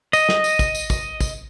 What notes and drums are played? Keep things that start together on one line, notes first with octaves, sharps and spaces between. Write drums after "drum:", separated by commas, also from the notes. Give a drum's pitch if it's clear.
D#5, drum: tambourine
drum: snare
drum: tambourine
drum: kick, tambourine
drum: tambourine
drum: kick, tambourine
drum: kick, tambourine